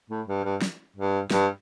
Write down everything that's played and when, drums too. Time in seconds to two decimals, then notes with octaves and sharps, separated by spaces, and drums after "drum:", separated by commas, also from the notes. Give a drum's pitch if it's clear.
0.10 A2
0.27 G2
0.44 G2
0.62 drum: snare
0.96 G2
1.31 G2, drum: snare